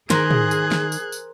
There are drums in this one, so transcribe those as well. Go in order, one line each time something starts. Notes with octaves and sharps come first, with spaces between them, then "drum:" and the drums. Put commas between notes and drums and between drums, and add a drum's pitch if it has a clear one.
D#3 G#4 A#4 C5 F#6 G#6, drum: snare
drum: tom
drum: tambourine
drum: snare
drum: tambourine
drum: tambourine